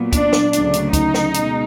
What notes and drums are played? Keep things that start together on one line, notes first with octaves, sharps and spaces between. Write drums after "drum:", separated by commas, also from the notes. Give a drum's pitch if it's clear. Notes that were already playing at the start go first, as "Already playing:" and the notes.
Already playing: A#2 F#3 B3
D4, drum: kick, hi-hat
drum: snare
D2 C#3 F#3 D4, drum: hi-hat
drum: hi-hat
D#4, drum: kick, hi-hat
drum: snare
B2 G#3, drum: hi-hat